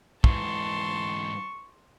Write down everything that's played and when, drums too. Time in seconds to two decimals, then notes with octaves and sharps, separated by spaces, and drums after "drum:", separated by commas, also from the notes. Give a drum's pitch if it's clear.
0.24 G#2 E3 A5 C6 C#6, drum: kick